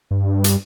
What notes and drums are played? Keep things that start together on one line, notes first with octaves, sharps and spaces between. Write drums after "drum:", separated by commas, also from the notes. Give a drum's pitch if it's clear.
G2
drum: hi-hat